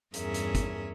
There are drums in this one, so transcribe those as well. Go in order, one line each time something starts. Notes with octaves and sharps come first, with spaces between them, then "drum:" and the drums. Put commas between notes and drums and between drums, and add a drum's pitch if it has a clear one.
E2 G2 C#4 G#4 A#4 E5, drum: hi-hat
drum: hi-hat
drum: kick, hi-hat